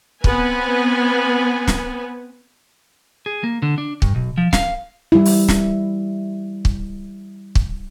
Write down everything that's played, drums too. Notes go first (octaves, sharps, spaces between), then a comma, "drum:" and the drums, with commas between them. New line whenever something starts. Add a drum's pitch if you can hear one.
B3 C4 B4 G#5, drum: kick
drum: snare
G#4
A#3
D3
D4
G2, drum: kick
B1
F3
F5, drum: snare
G3 E4
drum: open hi-hat
drum: snare
drum: kick
drum: kick